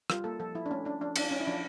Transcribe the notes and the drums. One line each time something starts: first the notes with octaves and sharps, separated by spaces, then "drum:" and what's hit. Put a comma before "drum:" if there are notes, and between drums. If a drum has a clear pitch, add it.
G3 F4, drum: rim click
A#3 A4
F3 A4
F3 E4
D4
A3 C#4
C#4 D4
F3 D4
C#4 D4, drum: cymbal
C#4
E4
F3 D4